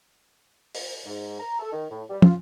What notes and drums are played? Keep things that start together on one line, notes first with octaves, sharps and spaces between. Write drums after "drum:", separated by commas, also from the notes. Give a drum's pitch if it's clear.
drum: open hi-hat
G#2
A#5
A4
D#3
A2
G3
F4, drum: tom